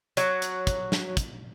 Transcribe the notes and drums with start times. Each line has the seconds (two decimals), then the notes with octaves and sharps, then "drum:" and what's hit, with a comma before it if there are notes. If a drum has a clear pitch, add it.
0.17 F#3, drum: hi-hat
0.42 drum: hi-hat
0.67 drum: kick, hi-hat
0.92 drum: snare
1.17 drum: kick, hi-hat